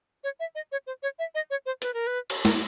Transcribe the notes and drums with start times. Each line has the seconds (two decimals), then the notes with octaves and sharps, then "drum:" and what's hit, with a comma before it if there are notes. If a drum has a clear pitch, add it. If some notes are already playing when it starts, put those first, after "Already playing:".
0.24 C#5
0.40 E5
0.55 D#5
0.72 C#5
0.87 C5
1.03 C#5
1.19 E5
1.35 D#5
1.50 C#5
1.66 C5
1.82 B4, drum: hi-hat
1.94 A#4
2.07 B4
2.30 drum: cymbal
2.45 A#4, drum: snare